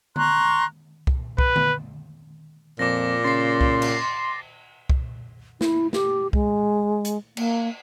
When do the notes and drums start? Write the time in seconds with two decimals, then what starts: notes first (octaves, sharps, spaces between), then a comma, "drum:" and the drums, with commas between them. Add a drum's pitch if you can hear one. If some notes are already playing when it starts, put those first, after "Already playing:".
0.16 A#5 C6 C#6 F#6, drum: tom D3
1.07 drum: kick C2
1.38 B4, drum: kick C2
1.56 drum: tom D3
2.79 F2 A#2 D6 A#6
3.24 C#3 C6 A6 C7
3.61 drum: kick C2
3.82 drum: cymbal
4.90 drum: kick C2
5.61 E4, drum: snare
5.93 G4, drum: snare
6.33 G#3, drum: kick C2
7.05 drum: hi-hat
7.37 A#3, drum: cymbal